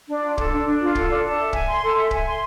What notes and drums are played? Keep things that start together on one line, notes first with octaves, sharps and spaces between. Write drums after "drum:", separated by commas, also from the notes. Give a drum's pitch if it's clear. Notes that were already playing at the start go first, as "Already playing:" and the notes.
D4
F4
A4, drum: kick
D4
D4
F4
A4, drum: kick
D4
A4
E5
G#5, drum: kick
C6
A4
E5
G#5, drum: kick
C6